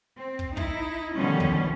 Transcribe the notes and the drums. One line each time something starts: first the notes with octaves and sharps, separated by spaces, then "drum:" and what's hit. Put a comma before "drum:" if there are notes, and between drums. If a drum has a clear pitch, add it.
C4
drum: kick
D#4 E4, drum: kick
B2 D3 D#3 F3 G3 C#4
drum: kick